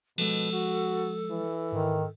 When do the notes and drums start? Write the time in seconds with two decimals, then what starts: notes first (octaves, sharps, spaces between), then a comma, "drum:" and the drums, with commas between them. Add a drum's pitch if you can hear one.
0.18 B2 F3 G#3 A4, drum: cymbal
0.53 F#4
1.31 E3
1.72 G#2 D#3